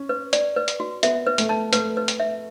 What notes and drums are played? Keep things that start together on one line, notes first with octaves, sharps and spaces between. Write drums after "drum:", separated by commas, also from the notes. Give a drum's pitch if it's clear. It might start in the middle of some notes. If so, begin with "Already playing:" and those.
Already playing: C#4
B4
D5, drum: hi-hat
B4
drum: hi-hat
F#4
B3 E5, drum: hi-hat
B4
A3, drum: hi-hat
A5
A3 B4, drum: hi-hat
B4
drum: hi-hat
E5